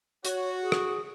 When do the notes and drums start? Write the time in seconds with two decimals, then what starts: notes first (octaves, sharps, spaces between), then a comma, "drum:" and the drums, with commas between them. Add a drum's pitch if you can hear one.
0.25 F#4 C#5, drum: hi-hat
0.62 G#4
0.72 drum: rim click